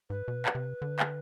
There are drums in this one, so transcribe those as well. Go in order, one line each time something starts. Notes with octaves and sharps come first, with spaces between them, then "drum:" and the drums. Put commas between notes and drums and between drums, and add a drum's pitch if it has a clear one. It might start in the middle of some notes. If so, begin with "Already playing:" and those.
G#2 B4
B2
drum: clap
C3
D3
drum: clap